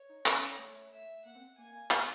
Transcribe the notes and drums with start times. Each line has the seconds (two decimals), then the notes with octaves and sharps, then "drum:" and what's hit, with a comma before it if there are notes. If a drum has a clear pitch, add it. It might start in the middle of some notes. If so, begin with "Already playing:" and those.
Already playing: C#5
0.09 D#4
0.26 C#4, drum: clap
0.59 A3
0.92 E5
1.25 A#3 F#5
1.35 C4
1.58 A#3 G#5
1.75 A#3
1.91 B3, drum: clap